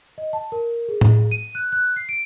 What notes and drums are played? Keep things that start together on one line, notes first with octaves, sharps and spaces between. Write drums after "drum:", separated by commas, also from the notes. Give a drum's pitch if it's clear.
D#5
A5
A#4
G#4
drum: tom A2
D#7
F#6
F#6
C7
D7